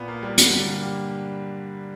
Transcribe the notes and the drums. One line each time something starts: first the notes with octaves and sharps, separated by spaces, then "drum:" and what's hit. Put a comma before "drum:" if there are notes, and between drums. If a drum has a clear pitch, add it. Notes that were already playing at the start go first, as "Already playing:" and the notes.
Already playing: A#2 B3
A#3
G3
G2 D3 F#3, drum: hi-hat
G3
A#3
G4